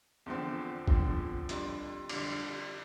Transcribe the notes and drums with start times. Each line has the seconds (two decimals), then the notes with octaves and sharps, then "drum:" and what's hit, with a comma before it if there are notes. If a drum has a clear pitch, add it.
0.26 E2 D3 F3 C4
0.88 E2 D3 F3 C4, drum: kick
1.49 F2 D3 G3 D4, drum: hi-hat
2.09 F2 D3 G3 D4, drum: cymbal